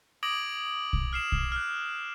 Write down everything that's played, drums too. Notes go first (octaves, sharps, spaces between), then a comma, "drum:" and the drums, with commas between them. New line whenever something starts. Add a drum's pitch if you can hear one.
D6 D#6 G#6 A#6 D7 F#7
drum: kick
F6 C7 E7
drum: kick
F6 F#6